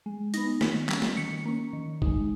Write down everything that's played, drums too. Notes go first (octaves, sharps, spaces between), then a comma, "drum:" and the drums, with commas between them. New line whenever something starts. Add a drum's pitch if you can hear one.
G#3
B3 D#4 A#6, drum: hi-hat
D#3 B6, drum: snare
G3 C#4 B6, drum: clap
drum: snare
D#3 C#7
A#3 C#4
D#3
G#3 D#4, drum: kick B1